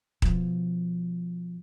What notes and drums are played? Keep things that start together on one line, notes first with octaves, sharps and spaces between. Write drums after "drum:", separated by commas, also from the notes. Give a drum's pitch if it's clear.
B2 F3, drum: kick D#1